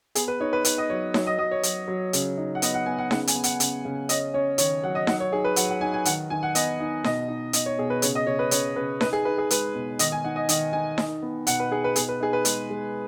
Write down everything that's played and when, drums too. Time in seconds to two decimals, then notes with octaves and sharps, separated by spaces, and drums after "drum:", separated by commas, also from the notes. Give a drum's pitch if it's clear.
0.15 B3 G#4, drum: hi-hat
0.28 B4
0.40 D#4 C#5
0.53 B4
0.65 D#4 B4, drum: hi-hat
0.78 D#5
0.90 F#3 C#5
1.14 F#3 C#5, drum: snare D#4
1.27 D#5
1.38 F#3 D#5
1.51 C#5
1.63 F#3, drum: hi-hat
1.88 F#3
2.13 C#3, drum: hi-hat
2.38 D#4
2.55 F#5
2.62 B3 D#5, drum: hi-hat
2.74 F#5
2.86 B3 G#5
2.98 F#5
3.11 C#3 F#5, drum: snare D#4
3.27 G#5, drum: hi-hat
3.35 B3
3.44 F#5, drum: hi-hat
3.60 C#3, drum: hi-hat
3.85 C#3
4.09 C#4 D#5, drum: hi-hat
4.34 C#4 C#5
4.58 D#3 C#5, drum: hi-hat
4.83 F#3 F#5
4.95 D#5
5.07 F#3 F#5, drum: snare D#4
5.20 C#5
5.32 D#4 G#4
5.44 B4
5.56 F#3 F#5, drum: hi-hat
5.70 F#5
5.81 D#4 G#5
5.94 G#5
6.05 D#3 F#5, drum: hi-hat
6.30 D#3 G#5
6.43 F#5
6.55 B3 D#5, drum: hi-hat
6.80 D#4
7.04 B2 D#5, drum: snare D#4
7.28 D#4
7.53 B2 D#5, drum: hi-hat
7.66 C#5
7.78 B2 G#4
7.90 B4
8.02 C#3 C#5, drum: hi-hat
8.15 D#5
8.27 C#3 C#5
8.39 B4
8.51 C#3 C#5, drum: hi-hat
8.76 C#3 B4
9.01 D#4 B4, drum: snare D#4
9.13 G#4
9.25 D#4 B4
9.38 G#4
9.50 G#3 B4, drum: hi-hat
9.75 B2
9.99 D#3 D#5, drum: hi-hat
10.12 G#5
10.24 D#4 F#5
10.36 D#5
10.49 D#3 D#5, drum: hi-hat
10.73 D#4 G#5
10.98 D#4, drum: snare D#4
11.22 B3
11.47 B2 F#5, drum: hi-hat
11.60 B4
11.71 D#4 G#4
11.84 B4
11.96 B2 G#4, drum: hi-hat
12.09 B4
12.20 D#4 G#4
12.33 B4
12.45 G#3, drum: hi-hat
12.70 G#3